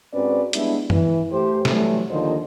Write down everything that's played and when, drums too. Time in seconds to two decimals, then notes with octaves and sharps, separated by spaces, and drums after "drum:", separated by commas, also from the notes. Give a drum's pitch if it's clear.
0.13 G#2 C4 C#4 F#4 B4 D5
0.53 G3 G#3 B3 D4 E4, drum: hi-hat
0.90 E3, drum: tom F#2
1.31 A3 G4 C5
1.65 E3 F#3 G3 A3, drum: snare
2.11 D#2 D3 D#3 F3 C5 D#5